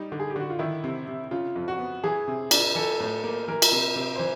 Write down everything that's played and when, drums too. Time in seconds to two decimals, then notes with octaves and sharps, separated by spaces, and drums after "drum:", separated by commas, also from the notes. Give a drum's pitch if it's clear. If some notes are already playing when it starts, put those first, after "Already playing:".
Already playing: G3 D#4
0.12 D3
0.20 G#4
0.30 G4
0.36 D3 F#4
0.50 F4
0.59 D#3 E4
0.84 C3
1.08 C3
1.31 C#3 F4
1.56 F2
1.68 F#4
1.79 B3
2.04 E3 G#4
2.28 C3
2.51 D4, drum: cymbal
2.75 E3 A4
3.00 A2
3.24 A#3
3.48 E3 A#4
3.62 drum: cymbal
3.72 C3
3.96 C3
4.16 C5
4.19 E3